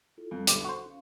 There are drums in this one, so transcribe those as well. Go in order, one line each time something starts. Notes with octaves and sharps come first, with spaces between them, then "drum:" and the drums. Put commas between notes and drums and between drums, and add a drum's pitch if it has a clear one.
E4 F4 A4
F2 G3
B1 D3 G4 A4, drum: hi-hat
F#4 C5 C#6
C#4 F5